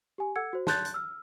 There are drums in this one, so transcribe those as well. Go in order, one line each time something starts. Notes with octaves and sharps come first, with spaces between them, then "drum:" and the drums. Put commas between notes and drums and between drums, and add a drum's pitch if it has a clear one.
G4 G#5
A4 F#5 E6 G#6 C#7
F#4 C5
A5 C6 F#6 G6 A6, drum: snare
drum: hi-hat
E6 F6